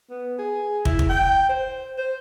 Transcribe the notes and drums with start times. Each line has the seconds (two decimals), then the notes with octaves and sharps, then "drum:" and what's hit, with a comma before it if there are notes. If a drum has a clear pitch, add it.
0.10 B3
0.38 G#4
0.85 E4, drum: kick
0.99 drum: kick
1.09 G5
1.49 C5
1.98 C5